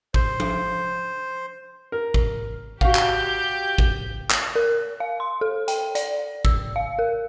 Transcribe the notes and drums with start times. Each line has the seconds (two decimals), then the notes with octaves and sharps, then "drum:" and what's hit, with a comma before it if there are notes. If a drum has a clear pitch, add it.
0.14 C5, drum: kick G#1
0.40 drum: tom F3
1.92 A#4
2.14 drum: kick G#1
2.81 F#4 G4 F5 G6, drum: kick G#1
2.95 drum: clap
3.78 drum: kick G#1
4.30 drum: clap
4.56 A#4
5.00 F5
5.20 C6
5.41 A4
5.68 G5, drum: hi-hat
5.95 D5, drum: hi-hat
6.45 E6, drum: kick G#1
6.76 F5
6.99 A#4